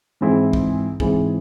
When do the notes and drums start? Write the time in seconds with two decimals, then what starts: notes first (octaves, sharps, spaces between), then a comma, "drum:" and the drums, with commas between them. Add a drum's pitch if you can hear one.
0.21 G#2 E3 C4 E4 G#4
0.53 drum: kick
1.00 G#2 E3 C4 E4 G#4, drum: kick